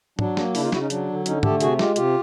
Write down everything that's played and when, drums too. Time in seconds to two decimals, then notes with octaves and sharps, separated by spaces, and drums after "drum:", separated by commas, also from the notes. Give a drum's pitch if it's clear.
0.19 F#3 D4, drum: tom G#2
0.37 A#3, drum: snare
0.55 C#3 D4 E4, drum: open hi-hat
0.64 D#4 F4
0.72 C#3 E4 F#4, drum: snare
0.81 C#4 D#4
0.90 F#3 D4, drum: hi-hat
1.09 D3
1.26 D3 C#4 D#4, drum: hi-hat
1.43 A3 G4 A4, drum: tom G#2
1.61 C3 F#4 G#4, drum: hi-hat
1.79 G#3 F4 G4, drum: snare
1.96 C3 F4 G4, drum: hi-hat